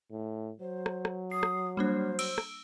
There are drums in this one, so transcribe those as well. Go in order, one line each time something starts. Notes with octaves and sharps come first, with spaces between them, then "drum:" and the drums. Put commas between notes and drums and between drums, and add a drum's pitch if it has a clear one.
A2
F#3 C5
drum: rim click
drum: rim click
D#6 C7
drum: rim click
G3 A#3 D4 C5
E6 D7, drum: cymbal
drum: rim click